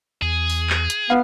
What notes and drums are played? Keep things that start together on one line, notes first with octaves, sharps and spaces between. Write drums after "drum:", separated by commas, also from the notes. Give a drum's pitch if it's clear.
E2 G#4
drum: open hi-hat
drum: clap
drum: hi-hat
B3 F5